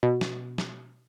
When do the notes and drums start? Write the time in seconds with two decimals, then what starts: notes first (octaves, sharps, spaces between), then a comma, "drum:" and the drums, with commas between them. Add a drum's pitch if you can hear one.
0.03 B2
0.21 drum: snare
0.58 drum: snare